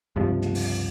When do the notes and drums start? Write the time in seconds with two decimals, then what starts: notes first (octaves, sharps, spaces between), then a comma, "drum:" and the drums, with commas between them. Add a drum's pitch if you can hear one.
0.16 C#2 G2 C3 F3
0.42 drum: snare
0.55 drum: open hi-hat